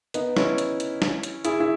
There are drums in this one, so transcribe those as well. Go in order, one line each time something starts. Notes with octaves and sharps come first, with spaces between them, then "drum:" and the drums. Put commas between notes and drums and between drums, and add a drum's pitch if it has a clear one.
B3 D#4, drum: hi-hat
C#4 E4, drum: snare
drum: hi-hat
drum: hi-hat
drum: snare
drum: hi-hat
E4 G#4, drum: hi-hat
E4